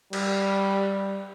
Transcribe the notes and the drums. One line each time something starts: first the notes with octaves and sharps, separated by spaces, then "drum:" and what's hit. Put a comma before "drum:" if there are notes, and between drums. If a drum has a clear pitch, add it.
G3, drum: cymbal